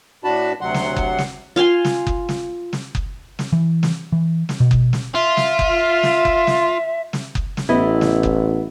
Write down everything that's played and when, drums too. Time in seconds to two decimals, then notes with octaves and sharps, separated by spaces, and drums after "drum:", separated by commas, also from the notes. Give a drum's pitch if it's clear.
0.24 A2 D4 F#4 A5 B5
0.61 D2 C3 F#3 F#5 C6
0.74 drum: snare
0.96 drum: kick F#1
1.18 drum: snare
1.56 F4 F5 G#5 C6
1.85 drum: snare
2.07 drum: kick F#1
2.29 drum: snare
2.73 drum: snare
2.95 drum: kick F#1
3.39 drum: snare
3.53 E3
3.83 drum: snare
4.12 E3
4.49 drum: snare
4.60 B2
4.71 drum: kick F#1
4.93 drum: snare
5.15 F4 E5
5.37 drum: snare
5.59 drum: kick F#1
6.03 drum: snare
6.25 drum: kick F#1
6.47 drum: snare
7.13 drum: snare
7.35 drum: kick F#1
7.57 drum: snare
7.69 A1 B3 E4 D#5
8.01 drum: snare
8.23 drum: kick F#1